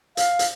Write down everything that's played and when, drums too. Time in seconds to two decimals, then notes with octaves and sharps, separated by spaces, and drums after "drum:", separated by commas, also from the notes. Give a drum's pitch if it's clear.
0.17 F5, drum: hi-hat
0.39 drum: hi-hat